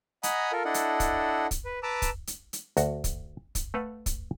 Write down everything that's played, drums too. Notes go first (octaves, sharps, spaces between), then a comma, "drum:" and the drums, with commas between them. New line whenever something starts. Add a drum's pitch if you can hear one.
D#5 F#5 G#5 A#5 B5 D#6, drum: hi-hat
F4 A4 A#4
D4 E4 A4 D#5 F#5
drum: hi-hat
drum: kick, hi-hat
drum: kick, hi-hat
B4
B4 A5 A#5 D6 E6
drum: kick, hi-hat
drum: hi-hat
drum: hi-hat
D2 F#4, drum: hi-hat
drum: kick, hi-hat
drum: kick, hi-hat
A3 A4 B4 F5 F#5
drum: kick, hi-hat